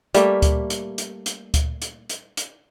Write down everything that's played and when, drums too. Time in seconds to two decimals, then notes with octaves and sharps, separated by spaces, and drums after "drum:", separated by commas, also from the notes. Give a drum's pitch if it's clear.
0.14 G3 A3 A#3 E5, drum: hi-hat
0.42 drum: kick D2, hi-hat
0.70 drum: hi-hat
0.98 drum: hi-hat
1.26 drum: hi-hat
1.54 drum: kick D2, hi-hat
1.82 drum: hi-hat
2.09 drum: hi-hat
2.37 drum: hi-hat